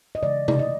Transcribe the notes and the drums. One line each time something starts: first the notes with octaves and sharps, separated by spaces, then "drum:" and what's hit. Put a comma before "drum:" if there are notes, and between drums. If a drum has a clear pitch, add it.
D#5
C#3 E3 G#3 D5
D5, drum: tom C3
D#5